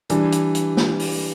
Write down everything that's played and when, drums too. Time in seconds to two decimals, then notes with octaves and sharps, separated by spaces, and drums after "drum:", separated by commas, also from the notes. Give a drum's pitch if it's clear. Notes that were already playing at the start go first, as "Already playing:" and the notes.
0.10 E3 G3 D4, drum: hi-hat
0.32 drum: hi-hat
0.55 drum: hi-hat
0.77 drum: snare A#3
1.00 drum: open hi-hat